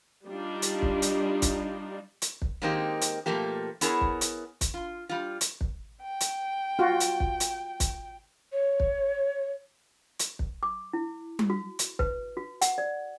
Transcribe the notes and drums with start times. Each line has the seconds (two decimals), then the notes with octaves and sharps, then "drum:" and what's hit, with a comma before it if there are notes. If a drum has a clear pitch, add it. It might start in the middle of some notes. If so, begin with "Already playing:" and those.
0.27 G3 D4 D#4 F4
0.62 drum: hi-hat
0.82 drum: kick
1.02 drum: hi-hat
1.42 drum: kick, hi-hat
2.22 drum: hi-hat
2.42 drum: kick
2.62 D#3 G#3 A#3 C4 D#4 G4
3.01 drum: hi-hat
3.26 B2 F3 A3 A#3 G4
3.81 B3 E4 G#4 A#4 C#5, drum: hi-hat
4.01 drum: kick
4.21 drum: hi-hat
4.61 drum: kick, hi-hat
4.74 F4
5.09 G3 F4
5.41 drum: hi-hat
5.61 drum: kick
6.01 G5
6.20 drum: hi-hat
6.79 F4 F#4
7.00 drum: hi-hat
7.20 drum: kick
7.40 drum: hi-hat
7.80 drum: kick, hi-hat
8.52 C#5
8.80 drum: kick
10.19 drum: hi-hat
10.39 drum: kick
10.63 D6
10.93 E4
11.39 drum: tom G3
11.50 F#4
11.79 drum: hi-hat
11.99 B4, drum: kick
12.37 F#4
12.61 F#5, drum: hi-hat
12.78 D5